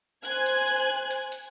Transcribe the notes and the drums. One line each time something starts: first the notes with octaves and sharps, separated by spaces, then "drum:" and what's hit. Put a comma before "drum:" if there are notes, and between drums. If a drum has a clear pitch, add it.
C5 G#5 F#6 G#6, drum: hi-hat
drum: hi-hat
drum: hi-hat
drum: hi-hat
drum: hi-hat